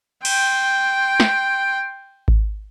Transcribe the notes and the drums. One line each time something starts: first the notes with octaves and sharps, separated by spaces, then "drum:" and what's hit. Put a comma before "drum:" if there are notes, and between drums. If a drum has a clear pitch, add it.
G5 C6, drum: cymbal
drum: snare
drum: kick G#1